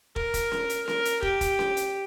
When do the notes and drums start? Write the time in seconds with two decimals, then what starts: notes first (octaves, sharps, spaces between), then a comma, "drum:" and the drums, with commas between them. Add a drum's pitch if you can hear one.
0.16 A#4, drum: kick
0.34 drum: kick, hi-hat
0.52 drum: snare C#4
0.69 drum: hi-hat
0.88 A#4, drum: snare C#4
1.05 drum: hi-hat
1.23 G4, drum: kick
1.41 drum: kick, hi-hat
1.59 drum: snare C#4
1.77 drum: hi-hat